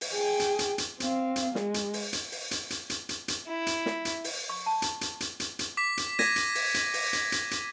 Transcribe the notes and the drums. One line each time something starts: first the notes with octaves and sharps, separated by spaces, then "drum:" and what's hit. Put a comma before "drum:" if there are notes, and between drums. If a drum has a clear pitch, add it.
drum: open hi-hat
G#4 G5
drum: hi-hat
drum: hi-hat
drum: hi-hat
C4 F5, drum: hi-hat
drum: hi-hat
G#3, drum: snare
drum: hi-hat
drum: open hi-hat
drum: hi-hat
drum: open hi-hat
drum: hi-hat
drum: hi-hat
drum: hi-hat
drum: hi-hat
drum: hi-hat
E4
drum: hi-hat
drum: snare
drum: hi-hat
drum: open hi-hat
C#6
A5
drum: hi-hat
drum: hi-hat
drum: hi-hat
drum: hi-hat
drum: hi-hat
D6 B6
drum: hi-hat
G#6 A#6 B6 D#7, drum: snare
drum: hi-hat
drum: open hi-hat
drum: hi-hat
drum: open hi-hat
drum: hi-hat
drum: hi-hat
drum: hi-hat